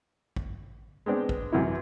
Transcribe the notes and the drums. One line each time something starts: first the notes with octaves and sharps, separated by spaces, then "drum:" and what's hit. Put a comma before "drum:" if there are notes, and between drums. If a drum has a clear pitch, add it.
drum: kick
G#3 B3 C4 D4
drum: kick
F#2 C3 E3 E4